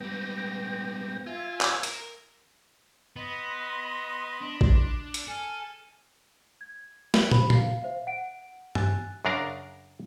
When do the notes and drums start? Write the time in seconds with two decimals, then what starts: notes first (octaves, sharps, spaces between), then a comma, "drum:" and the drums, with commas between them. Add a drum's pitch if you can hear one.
0.01 G#2 G3 B3 G5 A#6
1.26 F4 E5 G#5
1.61 drum: clap
1.83 A#4, drum: hi-hat
3.16 B3 D#5 B5 C6
4.42 D4
4.61 drum: kick A1
5.14 drum: hi-hat
5.28 A4 G#5 F6
6.61 G#6
7.14 drum: snare
7.31 C5 B5, drum: tom
7.50 F5 C7, drum: tom
7.82 C5 E5 F5
8.07 F#5 D7
8.75 G#5 E6 F#6 A6, drum: tom
9.25 F#2 C#3 D4 A#4 F5 A#5